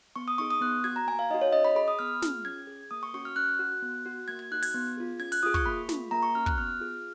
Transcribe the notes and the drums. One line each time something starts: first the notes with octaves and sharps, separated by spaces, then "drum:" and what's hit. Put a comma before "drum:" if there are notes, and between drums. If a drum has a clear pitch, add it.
B3 C#6
D#6
D#4 G#4 C#6
D#6
B3 F#6
F#4 G#6
A#5
A#3 G#5
F5
D#4 F#4 D#5
C#5
C#4 D#5
B5
G#4 B5
D#6
B3 F6
F4 G#4, drum: snare
C#4 G#6
G#4
A#3 D#6
C#6
C#4 F#4 C#6
F6
C#4 F#6
F#4
B3
F#4
A#3 G#6
G#6
D#4 F#4 F#6
G#6, drum: open hi-hat
B3
F4 G#4
C#4 G#6
F#6, drum: open hi-hat
F4 G#4 D#6
C#6, drum: kick
A#3 B5
F4 G#4, drum: snare
A#3 A#5
C#6
C#4 F#4 F6
F#6, drum: kick
B3 F6
F4 G#4